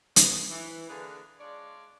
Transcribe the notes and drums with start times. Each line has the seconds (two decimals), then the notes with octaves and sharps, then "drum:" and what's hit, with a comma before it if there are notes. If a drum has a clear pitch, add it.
0.16 A3 C4 C#4 D#4 B4, drum: hi-hat
0.49 E3
0.88 D3 E3 A#3 D4 G#4 B4
1.40 G#3 D4 F4 C#5 D5